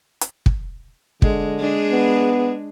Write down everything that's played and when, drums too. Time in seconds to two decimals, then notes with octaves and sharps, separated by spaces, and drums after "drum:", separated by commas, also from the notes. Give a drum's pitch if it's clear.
0.21 drum: hi-hat
0.46 drum: kick
1.22 D3 G#3, drum: kick
1.59 G#3 D4 G#4
1.91 B3